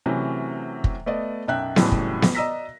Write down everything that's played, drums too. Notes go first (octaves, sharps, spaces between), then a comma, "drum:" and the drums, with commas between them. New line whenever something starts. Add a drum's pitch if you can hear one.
C3 E3 F#3 A3 C#4
drum: kick
A3 B3 D5 D#5
B1 F#2 E5 G5 F#6
F2 A2 C#3 E3 F#3 G3, drum: snare B3
drum: kick
drum: snare B3
D5 D#5 A#5 E6 A#6 B6